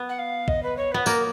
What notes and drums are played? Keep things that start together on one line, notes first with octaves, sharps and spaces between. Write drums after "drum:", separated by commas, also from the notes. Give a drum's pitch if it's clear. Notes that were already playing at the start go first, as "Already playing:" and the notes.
Already playing: B3
F#5
F5
D#5, drum: kick
B4
C#5
B3 B4
A#3 A#4, drum: tambourine